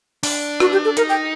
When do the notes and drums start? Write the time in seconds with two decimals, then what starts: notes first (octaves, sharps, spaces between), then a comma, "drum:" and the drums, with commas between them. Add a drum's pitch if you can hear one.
0.23 D4, drum: open hi-hat
0.60 F#4, drum: rim click
0.73 G4
0.85 A4
0.97 D#4 A#4, drum: hi-hat
1.09 G5